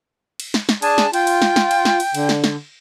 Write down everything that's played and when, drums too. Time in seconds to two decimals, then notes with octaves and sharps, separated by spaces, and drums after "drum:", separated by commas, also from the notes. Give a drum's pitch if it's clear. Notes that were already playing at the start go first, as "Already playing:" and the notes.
0.40 drum: cymbal
0.54 drum: snare
0.69 drum: snare
0.82 D4 G#4 G#5 A5, drum: cymbal
0.98 drum: snare
1.13 F4 G5, drum: cymbal
1.27 drum: cymbal
1.42 drum: snare
1.56 drum: snare
1.71 drum: cymbal
1.85 drum: snare
2.00 drum: cymbal
2.15 D3, drum: cymbal
2.29 drum: snare
2.44 drum: snare